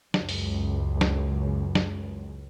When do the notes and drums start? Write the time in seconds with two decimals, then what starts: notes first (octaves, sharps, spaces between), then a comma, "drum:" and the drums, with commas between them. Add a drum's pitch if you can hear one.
0.14 C#2 F#2, drum: snare
0.29 drum: open hi-hat
1.01 drum: snare
1.75 drum: snare